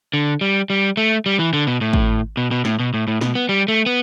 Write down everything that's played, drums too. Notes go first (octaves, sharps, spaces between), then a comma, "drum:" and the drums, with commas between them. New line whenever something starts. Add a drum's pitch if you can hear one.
D3
G3
G3
A3
G3
E3
D3
B2
A2
drum: kick G#1
B2
B2
A2, drum: snare
B2
A2
A2
B2, drum: snare
B3
G3
A3
B3